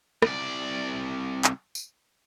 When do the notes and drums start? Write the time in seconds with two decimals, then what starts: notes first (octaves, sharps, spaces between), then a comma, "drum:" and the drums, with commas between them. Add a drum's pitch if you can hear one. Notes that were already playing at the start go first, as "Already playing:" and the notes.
0.22 C2 D5, drum: rim click
1.44 drum: clap
1.75 drum: tambourine